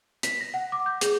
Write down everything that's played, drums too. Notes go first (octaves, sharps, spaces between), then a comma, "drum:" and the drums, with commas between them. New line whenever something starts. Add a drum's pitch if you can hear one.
B6, drum: hi-hat
A#6
F#5
D6
G6
G#4, drum: hi-hat